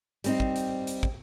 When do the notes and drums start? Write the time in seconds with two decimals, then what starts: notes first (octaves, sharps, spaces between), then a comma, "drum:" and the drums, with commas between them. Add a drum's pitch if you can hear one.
0.24 G3 C4 D#4, drum: hi-hat
0.40 drum: kick
0.56 drum: hi-hat
0.87 drum: hi-hat
1.03 drum: kick